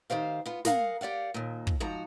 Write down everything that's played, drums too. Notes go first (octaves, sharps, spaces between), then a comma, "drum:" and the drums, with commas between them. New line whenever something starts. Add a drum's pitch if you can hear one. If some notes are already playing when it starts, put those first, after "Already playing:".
D#3 G4 C5 F5
B3 F4
G#4 A#4 F5 F#5, drum: snare
G4 D5 F5 F#5
D#2 A#2
drum: kick
G#2 F3 F#4 A#5